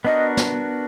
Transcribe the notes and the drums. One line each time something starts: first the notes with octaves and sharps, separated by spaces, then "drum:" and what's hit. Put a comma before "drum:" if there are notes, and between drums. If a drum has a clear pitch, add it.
B3 D4 F#4 A#4 D#5
drum: snare